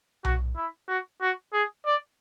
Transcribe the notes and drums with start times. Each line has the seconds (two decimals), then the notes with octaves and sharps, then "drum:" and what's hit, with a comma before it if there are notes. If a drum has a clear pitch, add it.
0.25 F#4, drum: tom B1
0.57 E4
0.88 F#4
1.21 F#4
1.53 G#4
1.86 D5